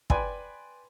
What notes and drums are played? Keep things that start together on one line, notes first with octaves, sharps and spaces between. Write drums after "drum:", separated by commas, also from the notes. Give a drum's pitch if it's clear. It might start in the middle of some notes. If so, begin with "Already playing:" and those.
B4 D5 G5 G#5 B5 C6, drum: kick